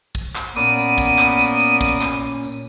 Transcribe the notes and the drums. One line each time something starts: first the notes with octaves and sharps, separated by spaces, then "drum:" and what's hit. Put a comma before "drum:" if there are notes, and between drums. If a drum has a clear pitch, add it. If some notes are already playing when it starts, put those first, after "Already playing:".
drum: kick, tambourine
drum: clap
A#2 A#3 B3 C#4 D5 D#7, drum: tambourine
drum: tambourine
drum: kick, tambourine
drum: clap
drum: tambourine
drum: tambourine
drum: kick, tambourine
drum: clap
drum: tambourine